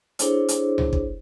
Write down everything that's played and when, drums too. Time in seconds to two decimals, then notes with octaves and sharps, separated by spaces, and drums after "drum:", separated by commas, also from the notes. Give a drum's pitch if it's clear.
0.19 D4 E4 G#4 A4 C5 C#5, drum: hi-hat
0.48 drum: hi-hat
0.78 drum: tom C2
0.93 drum: kick